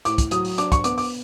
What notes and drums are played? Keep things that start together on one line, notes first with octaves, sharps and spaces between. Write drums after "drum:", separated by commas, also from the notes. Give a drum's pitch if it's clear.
A2 D6, drum: hi-hat
drum: kick, hi-hat
F#3 D#6, drum: hi-hat
drum: open hi-hat
D4 D6, drum: hi-hat
C#6, drum: kick, hi-hat
B3 D6, drum: hi-hat
D6, drum: open hi-hat